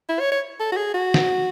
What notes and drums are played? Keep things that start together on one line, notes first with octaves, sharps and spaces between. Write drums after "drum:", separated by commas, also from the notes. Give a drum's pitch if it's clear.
E4
C#5
C#5
A4
F#4
G#4
F#4
drum: snare